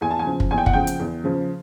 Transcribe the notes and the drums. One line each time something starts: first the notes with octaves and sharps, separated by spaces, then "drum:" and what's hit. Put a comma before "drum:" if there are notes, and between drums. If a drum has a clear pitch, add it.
E2 G#5
A5
G#5
C#3 F3
drum: kick
E2 G#5
G5
F#5, drum: kick
C#3 F3 G5
drum: hi-hat
E2
C#3 F3